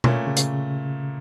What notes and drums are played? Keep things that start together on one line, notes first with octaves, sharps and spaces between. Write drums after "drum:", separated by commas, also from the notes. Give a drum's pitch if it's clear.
A#2 A3 C#4, drum: tom B2
C#3
drum: hi-hat